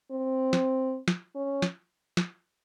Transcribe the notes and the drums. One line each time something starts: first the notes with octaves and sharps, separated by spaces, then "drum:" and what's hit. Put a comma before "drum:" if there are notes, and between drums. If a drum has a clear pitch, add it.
C4
drum: snare
drum: snare
C#4
drum: snare
drum: snare